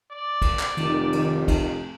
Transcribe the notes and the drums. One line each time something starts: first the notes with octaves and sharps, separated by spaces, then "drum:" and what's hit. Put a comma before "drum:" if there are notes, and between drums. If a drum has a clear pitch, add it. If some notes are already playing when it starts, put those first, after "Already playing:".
D5
drum: kick, cymbal
drum: clap
F1 D#3, drum: cymbal
drum: cymbal
drum: kick, cymbal